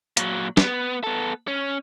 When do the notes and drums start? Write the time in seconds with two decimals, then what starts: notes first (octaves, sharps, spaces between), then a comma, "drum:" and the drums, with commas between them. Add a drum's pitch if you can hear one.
0.17 A#2 F#3, drum: hi-hat
0.57 B3, drum: snare
1.04 B3 A4
1.48 C#4